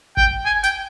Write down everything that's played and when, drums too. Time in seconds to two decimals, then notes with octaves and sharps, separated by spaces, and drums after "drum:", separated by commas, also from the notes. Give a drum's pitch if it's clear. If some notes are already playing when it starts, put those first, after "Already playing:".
0.17 G5, drum: kick
0.46 G#5
0.64 G5, drum: hi-hat